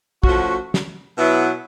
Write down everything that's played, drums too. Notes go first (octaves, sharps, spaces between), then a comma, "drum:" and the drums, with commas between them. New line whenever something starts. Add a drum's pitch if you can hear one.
F3 A3 C#4 F#4, drum: kick
drum: snare
B2 F#3 B3 E4